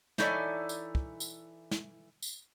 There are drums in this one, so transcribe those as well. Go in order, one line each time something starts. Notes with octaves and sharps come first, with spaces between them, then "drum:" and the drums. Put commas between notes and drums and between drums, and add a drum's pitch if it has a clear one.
E3 D#4 E4 A4 C#5 D5, drum: snare
drum: tambourine
drum: kick
drum: tambourine
drum: snare
drum: tambourine